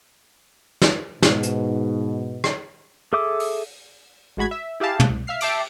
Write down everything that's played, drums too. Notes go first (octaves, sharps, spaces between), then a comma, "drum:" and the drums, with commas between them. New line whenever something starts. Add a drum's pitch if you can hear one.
drum: snare
G#2 B2, drum: snare
drum: hi-hat
drum: rim click
G#4 A4 E5 D6 D#6
drum: open hi-hat
A1 G#3 F#4 B5 G#6
E5
E4 G4 G#4 F5 A5
drum: tom
C2
E5 F5 F6 C7
E5 G5 A5 D6 C7 D7, drum: cymbal